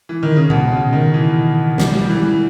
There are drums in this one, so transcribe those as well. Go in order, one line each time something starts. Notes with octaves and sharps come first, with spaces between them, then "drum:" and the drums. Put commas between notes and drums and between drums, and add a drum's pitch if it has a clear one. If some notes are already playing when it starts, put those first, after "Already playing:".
E3
D#3
C#3
B2, drum: tom A#2
C#3
D#3
E3
G3, drum: snare
G3
E3
E3